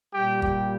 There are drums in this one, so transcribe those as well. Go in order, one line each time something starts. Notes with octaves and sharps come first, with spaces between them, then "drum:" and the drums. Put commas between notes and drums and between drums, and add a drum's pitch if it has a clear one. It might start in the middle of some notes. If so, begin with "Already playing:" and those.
A#2 G3 G4
G4, drum: kick